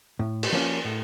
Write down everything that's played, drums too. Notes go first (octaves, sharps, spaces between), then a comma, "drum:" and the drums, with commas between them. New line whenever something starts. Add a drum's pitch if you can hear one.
A2
drum: cymbal
F3 A#3 C#4
A2